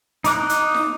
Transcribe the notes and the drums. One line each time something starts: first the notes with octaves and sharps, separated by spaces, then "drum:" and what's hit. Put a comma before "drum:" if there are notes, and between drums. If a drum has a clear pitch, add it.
D#4 D6 F#6, drum: hi-hat
drum: hi-hat
drum: snare